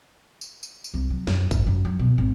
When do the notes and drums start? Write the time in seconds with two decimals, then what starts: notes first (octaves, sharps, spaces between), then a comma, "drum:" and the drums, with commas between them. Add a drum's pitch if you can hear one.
0.41 drum: tambourine
0.63 drum: tambourine
0.84 drum: tambourine
0.94 C2
1.10 F#3
1.27 F#2, drum: snare
1.51 G#2, drum: kick, tambourine
1.67 F#2
1.85 F#3
1.99 B2
2.18 G#1